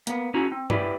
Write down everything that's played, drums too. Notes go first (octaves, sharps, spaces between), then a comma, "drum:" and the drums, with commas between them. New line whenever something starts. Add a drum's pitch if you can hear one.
A#3 B3, drum: hi-hat
C#4 E4 F#4 A#5
C4
E4 G4 B4 D5, drum: tom G2